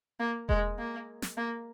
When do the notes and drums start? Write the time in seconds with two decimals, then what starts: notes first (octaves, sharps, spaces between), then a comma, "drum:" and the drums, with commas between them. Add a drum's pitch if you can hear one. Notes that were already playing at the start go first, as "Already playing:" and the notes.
0.20 A#3
0.49 G#3, drum: kick E1
0.79 A#3
1.22 drum: snare
1.37 A#3